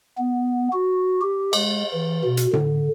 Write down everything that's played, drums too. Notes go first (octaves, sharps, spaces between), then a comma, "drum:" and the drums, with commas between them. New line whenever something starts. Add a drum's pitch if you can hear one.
B3
F#4
G4
G#3, drum: cymbal
E3
B2
drum: hi-hat
D3, drum: tom A2